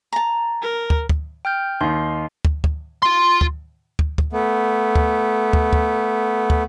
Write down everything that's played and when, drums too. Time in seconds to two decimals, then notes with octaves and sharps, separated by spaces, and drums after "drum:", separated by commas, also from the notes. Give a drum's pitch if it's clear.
0.12 A5 A#5
0.62 A#4
0.90 drum: kick
1.09 drum: kick
1.45 G5 F6 G6
1.81 D#2 D#4 F5 C6
2.45 drum: kick
2.64 drum: kick
3.02 F4 C6
3.41 drum: kick
3.99 drum: kick
4.18 drum: kick
4.33 A3 B3
4.95 drum: kick
5.53 drum: kick
5.73 drum: kick
6.50 drum: kick